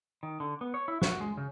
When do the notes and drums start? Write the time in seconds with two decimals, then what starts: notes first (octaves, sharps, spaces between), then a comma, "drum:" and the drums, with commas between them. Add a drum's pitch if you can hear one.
0.23 D#3
0.40 D3
0.61 B3
0.74 C#5
0.88 E4
1.02 F#4, drum: snare
1.21 G#3
1.37 C#3